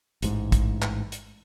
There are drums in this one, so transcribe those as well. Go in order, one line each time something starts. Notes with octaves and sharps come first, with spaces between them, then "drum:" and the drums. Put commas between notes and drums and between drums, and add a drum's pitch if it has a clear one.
A1 G#2, drum: hi-hat
drum: kick, hi-hat
drum: clap
drum: hi-hat